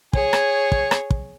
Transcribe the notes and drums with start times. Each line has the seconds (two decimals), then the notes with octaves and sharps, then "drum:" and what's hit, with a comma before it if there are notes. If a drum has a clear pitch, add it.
0.13 G#4 C#5, drum: kick
0.33 drum: rim click
0.72 drum: kick
0.91 drum: rim click
1.10 drum: kick